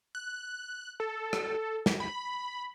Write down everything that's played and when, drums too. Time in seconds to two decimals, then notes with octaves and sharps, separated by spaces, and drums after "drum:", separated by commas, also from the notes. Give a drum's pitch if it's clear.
0.15 F#6
1.00 A4
1.33 drum: rim click
1.86 drum: snare
2.00 B5